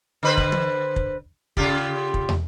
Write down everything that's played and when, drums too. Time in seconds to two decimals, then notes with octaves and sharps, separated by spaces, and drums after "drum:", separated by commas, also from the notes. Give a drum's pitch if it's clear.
0.23 D3 B4 C5
0.37 drum: kick
0.52 drum: tom
0.96 drum: kick
1.57 C#3 F4 G4, drum: kick
2.14 drum: kick
2.29 drum: tom